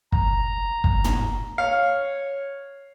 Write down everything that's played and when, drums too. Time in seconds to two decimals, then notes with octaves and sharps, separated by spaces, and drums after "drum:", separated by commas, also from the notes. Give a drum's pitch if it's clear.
0.12 A#5, drum: kick
0.84 drum: kick
1.04 drum: tom
1.58 C#5 F5